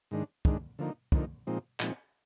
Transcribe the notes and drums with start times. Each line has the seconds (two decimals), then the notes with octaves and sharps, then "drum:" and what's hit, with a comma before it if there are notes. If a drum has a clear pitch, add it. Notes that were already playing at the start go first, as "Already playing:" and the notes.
0.11 G#2 D#3 G#3 D4
0.45 G#2 D#3 G#3 D4, drum: kick
0.79 D3 F3 A#3 D#4
1.12 D3 F3 A#3 D#4, drum: kick
1.47 A#2 F3 G#3 C4 D#4
1.80 A#2 F3 G#3 C4 D#4, drum: clap